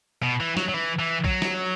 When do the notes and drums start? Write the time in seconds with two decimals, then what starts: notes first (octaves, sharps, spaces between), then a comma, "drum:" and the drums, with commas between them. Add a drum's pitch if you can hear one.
0.23 B2
0.40 E3
0.57 F#3, drum: snare
0.68 F#3
0.74 E3
0.99 E3
1.25 F#3, drum: kick B1
1.42 drum: snare